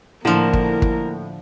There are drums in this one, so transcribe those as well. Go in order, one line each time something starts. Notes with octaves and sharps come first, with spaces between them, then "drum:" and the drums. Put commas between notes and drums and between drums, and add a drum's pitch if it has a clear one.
A2 D3 F3 A#3 A#4 E7 F#7
drum: kick
drum: kick